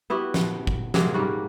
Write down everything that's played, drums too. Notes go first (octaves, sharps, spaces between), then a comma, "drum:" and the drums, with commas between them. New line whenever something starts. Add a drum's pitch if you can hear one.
B3 E4 F#4 G4
drum: snare
drum: kick
C3 F#3 G#3 A#3, drum: snare
G#2 G3 A#3 F#4